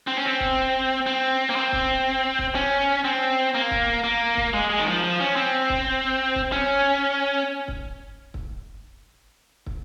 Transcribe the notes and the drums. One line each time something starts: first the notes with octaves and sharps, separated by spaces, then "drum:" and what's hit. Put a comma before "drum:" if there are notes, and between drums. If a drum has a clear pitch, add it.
C4
C#4
C4
drum: kick
C4
A#3
C4
drum: kick
drum: kick
C#4
C4
A#3
drum: kick
A#3
drum: kick
G#3
G#3
D#3
F3
F3
C#4
C4
drum: kick
drum: kick
C#4
drum: kick
drum: kick
drum: kick